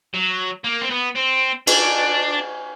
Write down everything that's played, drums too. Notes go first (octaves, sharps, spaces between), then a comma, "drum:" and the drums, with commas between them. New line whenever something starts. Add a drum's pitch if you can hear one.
F#3
A#3
C4
B3
C4
D4, drum: cymbal